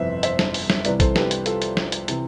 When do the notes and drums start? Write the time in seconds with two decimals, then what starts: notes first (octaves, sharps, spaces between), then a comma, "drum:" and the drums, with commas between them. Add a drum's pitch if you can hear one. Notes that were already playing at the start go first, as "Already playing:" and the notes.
Already playing: G1 F2 C3 E3 B4 C5 E5
0.23 C5 E5, drum: hi-hat
0.39 drum: snare
0.54 drum: open hi-hat
0.70 drum: snare
0.85 C2 C3 E3 B4 D5, drum: hi-hat
1.00 A4 C5, drum: kick, hi-hat
1.16 G4 B4, drum: snare
1.31 drum: hi-hat
1.46 F4 A4, drum: hi-hat
1.62 drum: hi-hat
1.77 drum: snare
1.92 drum: hi-hat
2.08 C3 E3, drum: hi-hat